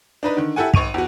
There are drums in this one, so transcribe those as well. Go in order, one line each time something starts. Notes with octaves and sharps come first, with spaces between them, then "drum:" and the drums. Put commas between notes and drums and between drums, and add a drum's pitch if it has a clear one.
D4 D#4 B4
D3 D#3
E4 G4 A4 F#5 G#5
G#1 C#6 D#7 F7, drum: kick
E2 F#4